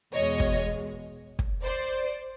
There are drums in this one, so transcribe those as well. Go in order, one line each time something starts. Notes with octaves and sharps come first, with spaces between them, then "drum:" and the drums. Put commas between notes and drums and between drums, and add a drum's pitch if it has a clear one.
E2 B2 G#3 C#5 D#5
drum: kick
drum: kick
C5 D5